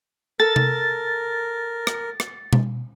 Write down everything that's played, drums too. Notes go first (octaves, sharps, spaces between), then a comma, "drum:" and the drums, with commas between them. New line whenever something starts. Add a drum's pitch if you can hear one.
A4 A#4 A6
drum: tom C3
drum: rim click
drum: rim click
drum: tom B2